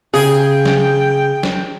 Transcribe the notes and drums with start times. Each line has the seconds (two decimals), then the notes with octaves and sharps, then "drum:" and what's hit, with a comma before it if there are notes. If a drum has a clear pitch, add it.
0.14 C#3 G#4 G5
0.65 drum: snare
1.43 drum: snare